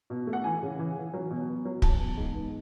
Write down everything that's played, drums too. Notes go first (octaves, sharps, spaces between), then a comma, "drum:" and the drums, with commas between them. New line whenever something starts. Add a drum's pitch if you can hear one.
B2
A3
F#5
E3 G#5
C#3
E3
E3
F#3
B2
B3
F#3
E3 A5, drum: kick
B3
G#2
B3